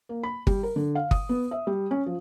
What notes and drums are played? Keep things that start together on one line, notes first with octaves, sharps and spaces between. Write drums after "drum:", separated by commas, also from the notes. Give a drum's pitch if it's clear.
A#3
B5
G3, drum: kick G1
A#4
D3
F5
D#6, drum: kick G1
B3
E5
G3
C#4
F3